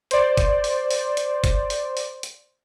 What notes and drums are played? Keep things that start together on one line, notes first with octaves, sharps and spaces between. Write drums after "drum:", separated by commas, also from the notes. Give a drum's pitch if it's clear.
C5 D5, drum: hi-hat
drum: kick G1, hi-hat
drum: open hi-hat
drum: open hi-hat
drum: hi-hat
drum: kick G1, hi-hat
drum: open hi-hat
drum: open hi-hat
drum: hi-hat